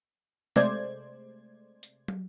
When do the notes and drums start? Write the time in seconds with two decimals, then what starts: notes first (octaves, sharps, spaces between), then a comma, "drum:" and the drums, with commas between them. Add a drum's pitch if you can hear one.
0.56 C3 G#3 A3 C5 D5 G#6, drum: snare
1.83 drum: hi-hat
2.08 drum: tom